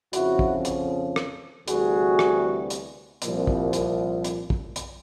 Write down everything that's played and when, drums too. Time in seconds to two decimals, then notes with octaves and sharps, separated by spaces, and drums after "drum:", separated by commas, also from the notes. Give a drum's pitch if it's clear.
0.13 F2 C#3 F3 E4 F#4, drum: hi-hat
0.39 drum: kick
0.65 drum: hi-hat
1.16 drum: rim click
1.68 D2 C3 E3 G3 F#4 G#4, drum: hi-hat
2.19 drum: rim click
2.70 drum: hi-hat
3.22 C2 A#2 F3, drum: hi-hat
3.47 drum: kick
3.73 drum: hi-hat
4.24 drum: hi-hat
4.50 drum: kick
4.76 drum: hi-hat